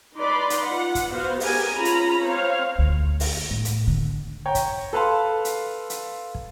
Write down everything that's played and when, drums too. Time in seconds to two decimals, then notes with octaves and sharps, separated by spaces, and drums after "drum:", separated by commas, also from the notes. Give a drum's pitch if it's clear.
0.18 D#4 B4 D5 B5 C6
0.50 drum: hi-hat
0.64 F4 F#5
0.95 drum: kick, hi-hat
1.11 B3 F#4 C5 F5
1.40 B3 G4 G#4 A#4 G#5, drum: open hi-hat
1.75 C#4 F4 A#5 B5
1.85 drum: hi-hat
2.25 C4 C5 C#5 F5
2.78 D2
3.20 drum: open hi-hat
3.51 A2
3.65 drum: hi-hat
3.87 D3
4.46 C#5 G5 A#5
4.55 drum: kick, hi-hat
4.93 A4 B4 F5 A5 C6
5.45 drum: hi-hat
5.90 drum: hi-hat
6.35 drum: kick